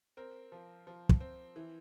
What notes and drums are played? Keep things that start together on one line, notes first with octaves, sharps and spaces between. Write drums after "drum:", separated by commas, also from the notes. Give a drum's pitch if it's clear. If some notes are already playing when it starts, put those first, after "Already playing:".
C4 A#4
F3
F3
drum: kick
C4
E3